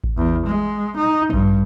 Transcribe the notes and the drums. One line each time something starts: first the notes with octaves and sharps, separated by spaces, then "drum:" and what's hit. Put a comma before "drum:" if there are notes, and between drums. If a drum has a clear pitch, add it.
drum: kick A1
E2
G#3
D#4
G2, drum: kick A1